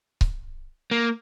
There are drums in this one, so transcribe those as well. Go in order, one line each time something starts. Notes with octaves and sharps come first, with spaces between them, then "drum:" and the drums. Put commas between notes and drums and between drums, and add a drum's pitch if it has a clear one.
drum: kick C#1
A#3